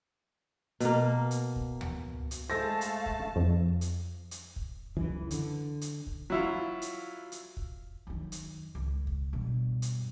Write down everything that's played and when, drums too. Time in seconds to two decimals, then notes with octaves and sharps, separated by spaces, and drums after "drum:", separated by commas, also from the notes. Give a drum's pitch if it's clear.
0.80 B2 A#3, drum: hi-hat
1.31 drum: hi-hat
1.56 drum: kick
1.81 drum: tom D2
2.31 drum: hi-hat
2.50 G#3 A3 A4 C5 F5 A5 A#6
2.81 drum: hi-hat
3.06 drum: kick
3.36 F2
3.81 drum: hi-hat
4.31 drum: hi-hat
4.56 drum: kick
4.97 C#2 F#2 E3
5.31 D3, drum: hi-hat
5.81 drum: hi-hat
6.07 drum: kick
6.30 F#3 E4 F4
6.82 drum: hi-hat
7.32 drum: hi-hat
7.57 drum: kick
8.07 F#2 D#3
8.32 drum: hi-hat
8.75 C#2
9.07 drum: kick
9.33 G2 B2
9.82 drum: hi-hat